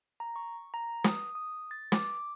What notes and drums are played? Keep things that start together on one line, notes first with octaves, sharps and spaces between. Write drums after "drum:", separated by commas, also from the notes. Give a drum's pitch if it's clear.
A#5
C#6
A#5
D#6, drum: snare
D#6
A6
D6, drum: snare